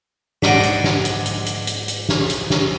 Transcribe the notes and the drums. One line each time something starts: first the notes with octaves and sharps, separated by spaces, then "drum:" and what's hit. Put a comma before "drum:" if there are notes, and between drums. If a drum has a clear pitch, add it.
G#2 D4 D#5 F#5 D6, drum: snare
drum: hi-hat
drum: snare
drum: hi-hat
drum: hi-hat
drum: hi-hat
drum: hi-hat
drum: hi-hat
drum: snare
drum: hi-hat
drum: snare